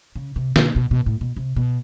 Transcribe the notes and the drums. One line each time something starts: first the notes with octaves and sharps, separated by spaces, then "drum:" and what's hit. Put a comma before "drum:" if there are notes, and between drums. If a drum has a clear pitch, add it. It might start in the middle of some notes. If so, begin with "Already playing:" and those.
C#3
C3
B2, drum: snare
B2
B2
A2
B2
C3
B2